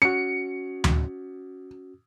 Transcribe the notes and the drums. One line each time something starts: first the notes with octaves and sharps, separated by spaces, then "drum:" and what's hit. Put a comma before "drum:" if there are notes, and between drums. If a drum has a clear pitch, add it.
C#4 F#4 C#7
drum: tom D2